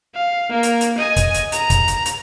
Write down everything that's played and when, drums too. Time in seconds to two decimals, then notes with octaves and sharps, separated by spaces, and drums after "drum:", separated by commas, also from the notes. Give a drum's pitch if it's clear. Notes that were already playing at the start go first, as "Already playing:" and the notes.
0.14 F5
0.50 A#3 A#4
0.63 drum: hi-hat
0.81 drum: hi-hat
0.98 D#5 G#5
1.16 drum: kick, hi-hat
1.34 drum: hi-hat
1.52 A#5, drum: hi-hat
1.70 drum: kick, hi-hat
1.88 drum: hi-hat
2.06 drum: hi-hat